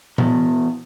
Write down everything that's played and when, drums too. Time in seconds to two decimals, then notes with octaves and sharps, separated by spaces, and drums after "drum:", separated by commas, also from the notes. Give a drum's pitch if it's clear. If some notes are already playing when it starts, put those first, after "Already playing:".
0.18 E2 B2, drum: tom A#2